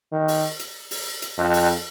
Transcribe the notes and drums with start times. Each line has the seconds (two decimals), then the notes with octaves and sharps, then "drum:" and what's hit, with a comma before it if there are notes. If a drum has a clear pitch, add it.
0.12 D#3
0.28 drum: open hi-hat
0.59 drum: hi-hat
0.91 drum: open hi-hat
1.22 drum: hi-hat
1.38 F2
1.53 drum: open hi-hat